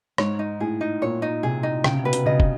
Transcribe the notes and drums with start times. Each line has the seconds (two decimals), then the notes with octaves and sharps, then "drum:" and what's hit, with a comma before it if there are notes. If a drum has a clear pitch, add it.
0.18 G#2 C#5, drum: rim click
0.39 D#4
0.60 A2 G#4
0.81 D#4
1.02 A#2 C#5
1.22 D#4
1.43 C3 G#4
1.63 D#4
1.84 C#3 G5, drum: rim click
1.94 C3
2.03 B2 B4
2.13 C3, drum: hi-hat
2.26 C#3 D#5
2.40 drum: kick